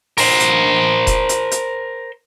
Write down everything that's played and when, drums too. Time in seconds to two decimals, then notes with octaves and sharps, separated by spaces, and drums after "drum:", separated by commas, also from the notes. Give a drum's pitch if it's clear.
0.18 A#4 C5, drum: open hi-hat
0.40 drum: hi-hat
1.07 drum: kick E1, hi-hat
1.29 drum: hi-hat
1.51 drum: hi-hat